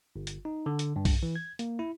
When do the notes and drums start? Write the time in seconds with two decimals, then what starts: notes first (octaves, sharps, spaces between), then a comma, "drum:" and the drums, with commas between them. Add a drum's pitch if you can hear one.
0.16 G1
0.27 drum: hi-hat
0.45 D#4
0.66 D3
0.79 drum: hi-hat
0.96 G2
1.05 drum: kick B1, open hi-hat
1.23 E3
1.36 G#6
1.59 A#3, drum: hi-hat
1.79 E4